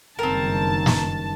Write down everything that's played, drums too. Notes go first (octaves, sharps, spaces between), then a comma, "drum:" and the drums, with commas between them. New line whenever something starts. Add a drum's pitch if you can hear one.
F#1 G2 D#3 C4 A#4 A5
drum: snare